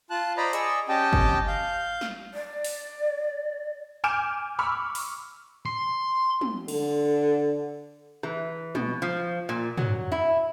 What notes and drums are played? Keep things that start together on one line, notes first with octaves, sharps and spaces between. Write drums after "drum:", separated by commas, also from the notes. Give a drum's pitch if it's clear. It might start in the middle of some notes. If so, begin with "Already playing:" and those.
F4 A5 F#6
C5 D5 D#5 A#5 B5
G#4 D5 D#5 C#6 E6, drum: hi-hat
C#4 G4 D#5 G5 A5
drum: kick G1
F5 G6
drum: snare
D5
drum: open hi-hat
G#5 D6 F6 G6 D7 E7
B5 C#6 D6 E6 F6
drum: open hi-hat
C6
drum: tom
D3, drum: cymbal
E3, drum: rim click
B2, drum: tom
F3
A#2
F#3, drum: tom
E4